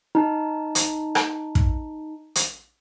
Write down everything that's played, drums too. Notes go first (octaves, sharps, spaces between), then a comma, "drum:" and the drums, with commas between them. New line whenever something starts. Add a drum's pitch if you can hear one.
D#4 A5
drum: hi-hat
drum: rim click
drum: kick
drum: hi-hat